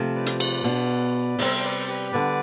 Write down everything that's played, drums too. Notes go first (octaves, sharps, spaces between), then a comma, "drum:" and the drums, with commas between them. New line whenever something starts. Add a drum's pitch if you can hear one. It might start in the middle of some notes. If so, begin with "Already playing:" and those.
Already playing: C3 F3 A3
B4 D5
drum: hi-hat
B4 D5, drum: cymbal
B2 B3 D4
C3 G3 C4 C5 E5, drum: open hi-hat
B4 D5
C5
G4 B4
D3 G3 B3 D4 B4 D5